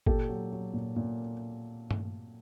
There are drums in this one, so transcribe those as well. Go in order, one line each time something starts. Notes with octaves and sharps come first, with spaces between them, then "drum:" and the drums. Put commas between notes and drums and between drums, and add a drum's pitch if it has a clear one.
A#2 G4 A4, drum: kick G1
F#3
F#3
A#2
A#2
drum: tom G2